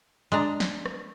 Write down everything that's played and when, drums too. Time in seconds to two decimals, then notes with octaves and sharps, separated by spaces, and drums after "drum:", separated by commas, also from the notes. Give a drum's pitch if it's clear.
0.32 G#3 D4 A#5
0.60 drum: snare
0.86 drum: rim click